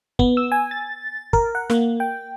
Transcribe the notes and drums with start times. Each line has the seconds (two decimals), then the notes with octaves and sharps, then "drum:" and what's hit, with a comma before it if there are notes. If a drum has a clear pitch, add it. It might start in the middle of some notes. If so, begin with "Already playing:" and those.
0.19 B3, drum: kick
0.37 E6
0.52 G#5
0.71 A6
1.33 A#4, drum: kick
1.55 F#5
1.70 A#3, drum: snare
2.00 G5